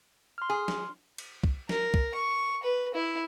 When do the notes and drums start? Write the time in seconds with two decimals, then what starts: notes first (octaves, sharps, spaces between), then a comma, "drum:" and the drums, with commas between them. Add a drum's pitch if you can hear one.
0.38 C6 F6
0.50 G#4
0.68 drum: snare
1.18 drum: cymbal
1.44 drum: kick
1.69 A#4, drum: snare
1.94 drum: kick
2.15 C#6
2.63 B4
2.94 E4